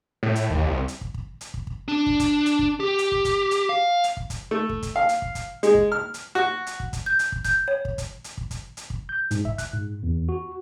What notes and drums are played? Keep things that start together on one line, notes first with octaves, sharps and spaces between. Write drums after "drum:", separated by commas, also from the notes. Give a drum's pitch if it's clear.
A2
drum: hi-hat
D#2, drum: kick
C2
drum: hi-hat
drum: kick
drum: kick
drum: hi-hat
drum: kick
drum: kick
D4
drum: kick
drum: kick, hi-hat
drum: hi-hat
drum: kick
G4
drum: hi-hat
drum: kick
drum: kick, hi-hat
drum: hi-hat
F5
drum: hi-hat
drum: kick
drum: kick, hi-hat
A3
drum: kick
drum: kick, hi-hat
F5
drum: hi-hat
drum: kick
drum: kick, hi-hat
G#3, drum: hi-hat
drum: kick
F6
drum: hi-hat
F#4
drum: hi-hat
drum: kick
drum: kick, hi-hat
G6
drum: hi-hat
drum: kick
G6, drum: kick, hi-hat
C#5
drum: kick
drum: kick, hi-hat
drum: hi-hat
drum: kick
drum: kick, hi-hat
drum: hi-hat
drum: kick
G6
G#2, drum: hi-hat
E5, drum: kick
F#6, drum: kick, hi-hat
G#2
E2
F#4